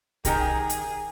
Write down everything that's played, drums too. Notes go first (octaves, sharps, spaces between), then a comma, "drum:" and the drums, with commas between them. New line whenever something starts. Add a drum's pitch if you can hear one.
D#3 G4 G#4 A#4, drum: kick, hi-hat
drum: hi-hat